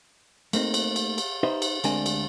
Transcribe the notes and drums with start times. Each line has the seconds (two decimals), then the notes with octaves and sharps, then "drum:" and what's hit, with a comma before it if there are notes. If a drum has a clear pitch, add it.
0.53 A3 A#3 C4 D#4, drum: cymbal
0.74 drum: cymbal
0.96 drum: cymbal
1.18 drum: cymbal
1.43 D#4 G4 B4 C5 D#5 E5
1.62 drum: cymbal
1.84 D2 G#3 C4 D4 A#4 G#5, drum: cymbal
2.06 drum: cymbal